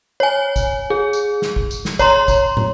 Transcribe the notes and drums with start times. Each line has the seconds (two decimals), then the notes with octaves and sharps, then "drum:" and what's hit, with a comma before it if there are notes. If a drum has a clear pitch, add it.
0.20 C#5 G#5
0.56 drum: kick, tambourine
0.90 G#4
1.13 drum: tambourine
1.42 drum: snare
1.56 drum: kick
1.71 drum: tambourine
1.85 drum: snare
1.99 C#5 A#5 C6, drum: kick, tambourine
2.28 drum: kick, tambourine
2.57 drum: tom